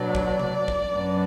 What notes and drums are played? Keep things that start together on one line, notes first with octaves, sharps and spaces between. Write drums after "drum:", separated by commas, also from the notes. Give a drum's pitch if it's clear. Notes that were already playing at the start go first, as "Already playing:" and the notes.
Already playing: B2 F#3 D4 D5
drum: kick
drum: tom C3
drum: kick
F#2 F#3 B3 D4